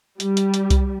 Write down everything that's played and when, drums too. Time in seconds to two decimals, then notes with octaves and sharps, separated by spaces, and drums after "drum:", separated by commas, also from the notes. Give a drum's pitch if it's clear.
0.20 G3, drum: hi-hat
0.37 drum: hi-hat
0.54 drum: hi-hat
0.70 drum: kick C2, hi-hat